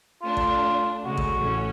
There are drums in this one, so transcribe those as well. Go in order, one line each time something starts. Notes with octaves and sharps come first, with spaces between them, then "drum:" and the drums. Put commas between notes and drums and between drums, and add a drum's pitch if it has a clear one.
A3 D4 F4
drum: kick
C#3 G#3 A3 F#4
drum: kick
A1 A3 C#4